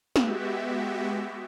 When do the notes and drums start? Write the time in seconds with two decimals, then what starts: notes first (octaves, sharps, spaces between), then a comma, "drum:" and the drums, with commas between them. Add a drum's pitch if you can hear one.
0.16 G#3 B3 F#4 G4 E5, drum: snare